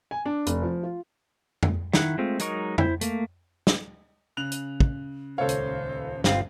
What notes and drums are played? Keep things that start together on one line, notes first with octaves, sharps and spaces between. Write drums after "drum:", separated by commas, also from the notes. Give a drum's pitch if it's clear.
G#5
D4
F1, drum: hi-hat
F3
F4
drum: tom F2
D#3 E4 F#5, drum: snare
G#3 A3 C4 F4
F#3 G#3 D#4 A#4 C#6, drum: hi-hat
E4 C5, drum: tom F2
A3 A#3, drum: hi-hat
drum: snare
C#3 F#6 F7
drum: hi-hat
drum: kick
D#1 C#2 A4 C5 C#5 F5
drum: hi-hat
G1 C4 F4 F5, drum: snare